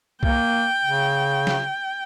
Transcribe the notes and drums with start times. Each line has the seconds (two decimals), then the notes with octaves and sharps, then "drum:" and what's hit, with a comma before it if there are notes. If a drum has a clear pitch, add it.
0.23 A#3 G5, drum: kick C2
0.85 C#3
1.47 drum: snare